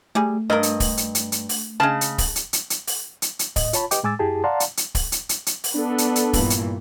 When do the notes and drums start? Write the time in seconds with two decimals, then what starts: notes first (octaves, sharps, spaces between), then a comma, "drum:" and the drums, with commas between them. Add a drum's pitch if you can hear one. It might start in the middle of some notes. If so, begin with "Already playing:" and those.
0.15 G3 A3 G#4
0.50 G2 A#4 D#5
0.63 drum: hi-hat
0.80 drum: kick D1, open hi-hat
0.97 drum: hi-hat
1.15 drum: hi-hat
1.32 drum: hi-hat
1.49 drum: open hi-hat
1.80 C#3 G#3 A5
2.01 drum: hi-hat
2.18 drum: kick D1, open hi-hat
2.36 drum: hi-hat
2.53 drum: hi-hat
2.70 drum: hi-hat
2.87 drum: open hi-hat
3.22 drum: hi-hat
3.39 drum: hi-hat
3.56 A2 D#5, drum: kick D1, open hi-hat
3.73 F4 C#5 A5 B5, drum: hi-hat
3.91 G4 B4 D#5 G5 D6, drum: hi-hat
4.03 A2 G#3 G#5 D6 E6 A6
4.19 F#2 E4 G4 G#4 A5
4.44 D5 F5 F#5 A5 A#5 C6
4.60 drum: hi-hat
4.77 drum: hi-hat
4.95 drum: kick D1, open hi-hat
5.12 drum: hi-hat
5.29 drum: hi-hat
5.46 drum: hi-hat
5.64 drum: open hi-hat
5.74 B3 D4 A4
5.98 drum: hi-hat
6.16 drum: hi-hat
6.33 G2 A#2 E3, drum: kick D1, open hi-hat
6.50 drum: hi-hat